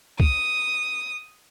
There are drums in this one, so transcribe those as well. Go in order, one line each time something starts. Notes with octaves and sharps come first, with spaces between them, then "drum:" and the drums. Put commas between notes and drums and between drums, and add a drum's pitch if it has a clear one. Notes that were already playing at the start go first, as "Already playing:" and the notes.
D#6, drum: kick